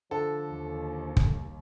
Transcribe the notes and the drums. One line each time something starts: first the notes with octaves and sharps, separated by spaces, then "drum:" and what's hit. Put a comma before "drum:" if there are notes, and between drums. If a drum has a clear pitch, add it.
D3 F3 A4
D#2
drum: kick